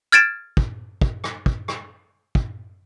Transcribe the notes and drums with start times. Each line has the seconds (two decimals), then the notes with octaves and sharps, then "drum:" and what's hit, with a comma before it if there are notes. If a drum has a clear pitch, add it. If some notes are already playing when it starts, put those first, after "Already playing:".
0.12 F6 G#6 A6 D7 E7
0.57 drum: kick
1.01 drum: kick
1.24 drum: rim click
1.46 drum: kick
1.68 drum: rim click
2.35 drum: kick